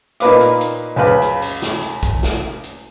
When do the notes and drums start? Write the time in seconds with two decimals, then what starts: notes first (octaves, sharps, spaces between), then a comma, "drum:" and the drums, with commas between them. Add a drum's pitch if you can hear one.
0.20 A#2 D#4 A#4 B4 F5 D6, drum: hi-hat
0.41 drum: hi-hat
0.61 drum: hi-hat
0.96 C#2 F#2 B4 F5 B5
1.22 drum: hi-hat
1.42 drum: open hi-hat
1.62 drum: snare
1.82 drum: hi-hat
2.03 drum: kick, hi-hat
2.23 drum: snare
2.64 drum: hi-hat